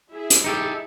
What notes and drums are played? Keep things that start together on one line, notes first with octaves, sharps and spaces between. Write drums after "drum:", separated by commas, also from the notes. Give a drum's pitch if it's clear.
E4 G#4 E5
drum: hi-hat
D#4 G4 A4